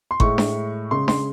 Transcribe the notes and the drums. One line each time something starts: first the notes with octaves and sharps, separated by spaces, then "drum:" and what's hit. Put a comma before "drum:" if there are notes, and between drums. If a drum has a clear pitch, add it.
C6
A2 G#3 C#6, drum: kick G1
drum: snare D4
C#3 G#3 C6
C6, drum: snare D4